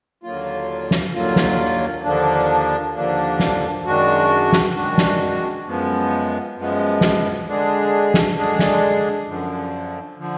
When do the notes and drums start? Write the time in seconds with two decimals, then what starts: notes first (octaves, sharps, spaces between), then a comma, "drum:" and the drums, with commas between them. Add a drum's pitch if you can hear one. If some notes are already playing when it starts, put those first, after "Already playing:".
0.24 D#2 D3 F#3 A#3 F4
0.91 drum: snare
1.14 D#2 D3 F#3 A#3 F4
1.36 drum: snare
2.04 D#2 D3 F3 A#3 D4
2.94 D#2 D3 F3 A#3 D4
3.40 drum: snare
3.84 F#2 D#3 G#3 D4 F#4
4.53 drum: snare
4.76 F#2 D#3 G#3 D4 F#4
4.98 drum: snare
5.66 F#2 F3 G#3 B3
6.56 F#2 F3 G#3 B3
7.01 drum: snare
7.46 D3 G#3 D4 G#4
8.14 drum: snare
8.37 D3 G#3 D4 G#4
8.59 drum: snare
9.27 F#2 D3 F3
10.18 D3 F3